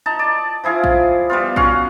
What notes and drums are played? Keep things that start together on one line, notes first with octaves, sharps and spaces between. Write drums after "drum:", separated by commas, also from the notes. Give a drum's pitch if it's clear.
D#4 A5
D5
F3 E4 G#4 F5
drum: kick A#1
G3 B3 F4
C#4 F#4 F5 F#5, drum: kick A#1